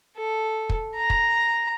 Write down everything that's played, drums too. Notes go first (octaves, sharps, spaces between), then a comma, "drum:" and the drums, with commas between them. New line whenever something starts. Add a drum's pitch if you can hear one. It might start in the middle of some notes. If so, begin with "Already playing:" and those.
A4
drum: kick
A#5
drum: kick